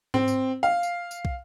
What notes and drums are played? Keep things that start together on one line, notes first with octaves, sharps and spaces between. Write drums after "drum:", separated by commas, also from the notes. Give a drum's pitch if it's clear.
C4, drum: tom G#2
drum: tambourine
F5
drum: tambourine
drum: tambourine
drum: kick